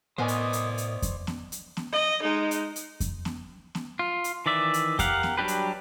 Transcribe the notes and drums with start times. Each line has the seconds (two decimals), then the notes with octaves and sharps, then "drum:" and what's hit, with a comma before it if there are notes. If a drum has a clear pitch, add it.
0.18 A2 B3 A#4 C5 D5 D#5 G#5
0.28 drum: hi-hat
0.53 drum: hi-hat
0.78 drum: hi-hat
1.02 drum: kick F2, hi-hat
1.27 drum: snare B3
1.52 drum: hi-hat
1.77 drum: snare B3
1.92 D#5
2.22 G#3 D#4
2.51 drum: hi-hat
2.76 drum: hi-hat
3.00 drum: kick F2, hi-hat
3.25 drum: snare B3
3.75 drum: snare B3
3.99 F4
4.24 drum: hi-hat
4.46 D#3 E3 D5 E5
4.74 drum: hi-hat
4.99 G4 A#4 F5 F#5, drum: kick F2, hi-hat
5.23 drum: snare B3
5.37 F#3 G3 D4 G4 B4
5.48 drum: hi-hat